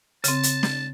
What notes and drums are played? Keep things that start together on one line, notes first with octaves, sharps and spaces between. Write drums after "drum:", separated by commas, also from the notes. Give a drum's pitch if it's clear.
C#3 C4 A5, drum: hi-hat
drum: hi-hat
drum: snare